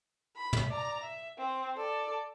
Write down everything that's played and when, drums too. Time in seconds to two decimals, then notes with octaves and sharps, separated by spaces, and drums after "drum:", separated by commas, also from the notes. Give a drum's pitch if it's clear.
0.36 B5
0.53 drum: tom
0.69 D5 A#5
1.03 E5
1.38 C4
1.77 A4 D5